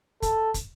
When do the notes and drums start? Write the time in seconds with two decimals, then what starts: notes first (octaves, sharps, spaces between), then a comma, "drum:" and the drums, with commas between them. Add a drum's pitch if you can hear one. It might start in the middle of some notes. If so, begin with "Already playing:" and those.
0.22 A4, drum: kick, hi-hat
0.54 drum: kick, hi-hat